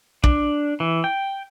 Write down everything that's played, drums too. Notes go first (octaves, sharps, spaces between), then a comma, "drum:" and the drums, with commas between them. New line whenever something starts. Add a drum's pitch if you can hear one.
D4, drum: kick
E3
G5